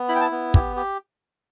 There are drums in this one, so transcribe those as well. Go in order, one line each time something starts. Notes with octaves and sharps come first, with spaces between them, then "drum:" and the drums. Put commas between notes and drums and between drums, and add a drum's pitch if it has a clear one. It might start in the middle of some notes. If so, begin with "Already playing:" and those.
Already playing: B3
E4 B5
G5
A5
B3
G4, drum: kick
G4